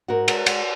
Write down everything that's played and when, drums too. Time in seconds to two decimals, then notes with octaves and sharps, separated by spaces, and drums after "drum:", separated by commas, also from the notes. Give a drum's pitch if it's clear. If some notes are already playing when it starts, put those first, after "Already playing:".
0.08 G#2 F#4 A#4
0.28 G#3, drum: cymbal
0.46 G#3, drum: cymbal